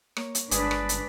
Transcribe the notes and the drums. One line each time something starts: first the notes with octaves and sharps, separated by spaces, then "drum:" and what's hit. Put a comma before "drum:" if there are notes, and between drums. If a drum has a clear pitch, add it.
A#3 C#5, drum: rim click
drum: hi-hat
G1 G#2 D4 B4 G#5 D#6, drum: hi-hat
drum: rim click
drum: hi-hat